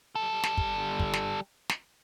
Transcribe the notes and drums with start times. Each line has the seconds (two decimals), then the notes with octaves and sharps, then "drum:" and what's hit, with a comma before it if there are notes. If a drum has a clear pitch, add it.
0.16 G3 A4
0.43 drum: snare
0.57 drum: kick
0.99 drum: kick
1.13 drum: snare
1.69 drum: snare